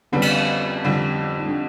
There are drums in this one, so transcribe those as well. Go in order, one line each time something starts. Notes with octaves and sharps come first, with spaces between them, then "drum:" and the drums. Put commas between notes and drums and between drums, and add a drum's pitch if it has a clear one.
F2 D3 G3 B3 C#4
drum: cymbal
F2 D3 G3
D#4
D4